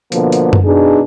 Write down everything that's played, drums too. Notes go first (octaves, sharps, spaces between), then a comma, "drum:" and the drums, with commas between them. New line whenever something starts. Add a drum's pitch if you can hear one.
B2 D3 F3 A#3 B3, drum: hi-hat
drum: hi-hat
drum: tom F#2
B2 D4 D#4 G#4